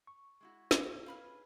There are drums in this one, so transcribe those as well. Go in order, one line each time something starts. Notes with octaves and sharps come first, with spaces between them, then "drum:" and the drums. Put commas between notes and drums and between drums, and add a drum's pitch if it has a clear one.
C#6
G#3 E4 F#4
drum: snare
C#4 G#4 B4 F5 B5 F6